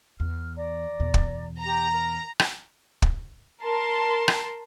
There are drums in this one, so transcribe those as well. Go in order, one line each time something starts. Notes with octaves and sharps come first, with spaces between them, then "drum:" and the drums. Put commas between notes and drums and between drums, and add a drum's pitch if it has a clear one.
E2 F6
D5 A#5
E2 B2
drum: kick
G4 A#5
A#4
drum: rim click
drum: kick
A#4 A5 C6
drum: rim click